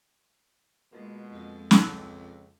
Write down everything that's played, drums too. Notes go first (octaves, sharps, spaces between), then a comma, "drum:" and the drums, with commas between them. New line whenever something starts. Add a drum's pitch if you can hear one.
B2 G#3 A#3 F4
F2
C#2, drum: snare